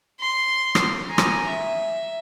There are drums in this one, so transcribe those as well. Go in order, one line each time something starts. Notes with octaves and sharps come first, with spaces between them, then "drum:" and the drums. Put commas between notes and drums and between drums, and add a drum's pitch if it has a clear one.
C6
drum: rim click
G#5 A#5
drum: rim click
E5